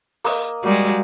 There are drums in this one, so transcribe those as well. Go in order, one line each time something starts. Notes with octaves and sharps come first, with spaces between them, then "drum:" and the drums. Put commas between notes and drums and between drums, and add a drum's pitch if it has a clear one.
A#3 D#5, drum: open hi-hat
G3 G#3 A#3 F#4